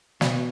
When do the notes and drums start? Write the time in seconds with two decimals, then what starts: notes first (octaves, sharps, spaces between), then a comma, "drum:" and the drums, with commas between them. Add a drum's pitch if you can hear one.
0.21 B2, drum: snare